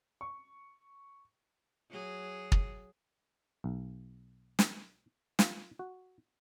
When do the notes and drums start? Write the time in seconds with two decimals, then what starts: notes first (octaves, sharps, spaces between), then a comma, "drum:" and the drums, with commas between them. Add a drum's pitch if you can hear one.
0.21 C#6
1.90 F#3 G#4
2.52 drum: kick
3.64 B1
4.59 drum: snare
5.39 F4, drum: snare
5.79 F#4